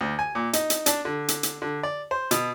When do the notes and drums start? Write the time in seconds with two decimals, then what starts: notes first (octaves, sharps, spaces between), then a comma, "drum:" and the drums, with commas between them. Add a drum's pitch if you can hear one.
0.01 D2
0.19 G#5
0.35 A#2
0.53 D#4, drum: hi-hat
0.70 drum: hi-hat
0.86 D4, drum: hi-hat
1.05 D3
1.28 drum: hi-hat
1.43 drum: hi-hat
1.62 D3
1.83 D5
2.11 C5
2.31 B2, drum: hi-hat